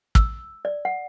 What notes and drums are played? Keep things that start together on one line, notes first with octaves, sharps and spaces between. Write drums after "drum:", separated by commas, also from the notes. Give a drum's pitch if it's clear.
E6, drum: kick
D5
F#5